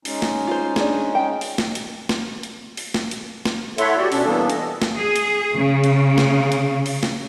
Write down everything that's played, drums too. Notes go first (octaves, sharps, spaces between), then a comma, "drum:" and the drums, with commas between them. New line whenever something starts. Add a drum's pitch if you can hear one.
G#3 C#4 D#4, drum: open hi-hat
drum: snare
F4 C5
D4 G#4, drum: snare
G5
drum: open hi-hat
drum: snare
drum: hi-hat
drum: snare
drum: hi-hat
drum: open hi-hat
drum: snare
drum: hi-hat
drum: snare
E4 A4 C#5 E5 F#5 C6, drum: hi-hat
F#4 G4 D5
B2 C#4 D4, drum: open hi-hat
E3 G3 A#3 B3 D4 A4
D#5, drum: hi-hat
drum: snare
G#4
drum: hi-hat
C#3
drum: hi-hat
drum: snare
drum: hi-hat
drum: open hi-hat
drum: snare